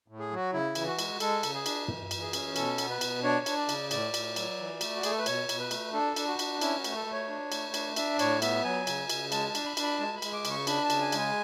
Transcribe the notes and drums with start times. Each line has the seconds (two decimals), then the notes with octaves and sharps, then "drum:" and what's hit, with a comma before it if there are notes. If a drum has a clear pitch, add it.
0.08 A2
0.19 G#4
0.31 F#3 F#4
0.53 C#3 E4
0.75 E3, drum: cymbal
0.87 F#4
0.99 G#3, drum: cymbal
1.20 G#3 A4, drum: cymbal
1.43 C#3, drum: cymbal
1.55 G#4
1.66 D4, drum: cymbal
1.88 E3, drum: tom
2.11 E3, drum: cymbal
2.22 G#4
2.33 C#4, drum: cymbal
2.56 B2 A4, drum: cymbal
2.78 B3, drum: cymbal
2.90 B4
3.01 B2, drum: cymbal
3.23 D4 C#5
3.46 D4, drum: cymbal
3.57 D5
3.69 C#3, drum: cymbal
3.91 A2 D5, drum: cymbal
4.14 A2, drum: cymbal
4.36 F#3, drum: cymbal
4.59 E3
4.81 A3, drum: cymbal
4.96 F#4
5.03 A3 G#4, drum: cymbal
5.11 A4
5.19 B4
5.26 B2 C#5, drum: cymbal
5.49 B2, drum: cymbal
5.60 B4
5.71 A3, drum: cymbal
5.93 D4 A4
6.16 D4, drum: cymbal
6.27 F#4
6.39 D4, drum: cymbal
6.61 C#4 E4, drum: cymbal
6.79 F#4
6.84 A3, drum: cymbal
6.96 A4
7.06 A3
7.12 C#5
7.29 D4
7.52 A3, drum: cymbal
7.74 D4, drum: cymbal
7.96 D4 E5, drum: cymbal
8.19 A2 C#5, drum: cymbal
8.42 B3 E5, drum: cymbal
8.64 F#3 G#5
8.87 C#3, drum: cymbal
9.10 C#3, drum: cymbal
9.32 G#3 A5, drum: cymbal
9.49 A5
9.55 D4, drum: cymbal
9.66 B5
9.77 D4, drum: cymbal
9.83 B5
9.99 G#3 A5
10.17 B5
10.22 G#3, drum: cymbal
10.33 D6
10.45 C#3, drum: cymbal
10.50 C#6
10.67 D4 B5, drum: cymbal
10.84 A5
10.90 C#3, drum: cymbal
11.01 G#5
11.12 G#3, drum: cymbal
11.18 G#5